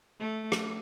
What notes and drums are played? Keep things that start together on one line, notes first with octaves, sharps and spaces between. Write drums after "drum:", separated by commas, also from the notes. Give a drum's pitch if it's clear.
A3
drum: rim click